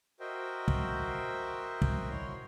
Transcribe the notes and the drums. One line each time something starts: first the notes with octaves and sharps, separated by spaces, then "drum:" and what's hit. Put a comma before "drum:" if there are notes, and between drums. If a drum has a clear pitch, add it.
F#4 A#4 C5 D#5 E5 G5
drum: kick
drum: kick
E4 C#5 C6